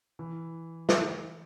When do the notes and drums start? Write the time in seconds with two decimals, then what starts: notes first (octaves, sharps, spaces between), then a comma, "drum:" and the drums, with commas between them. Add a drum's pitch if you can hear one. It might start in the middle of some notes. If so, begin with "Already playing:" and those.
0.19 E3
0.89 drum: snare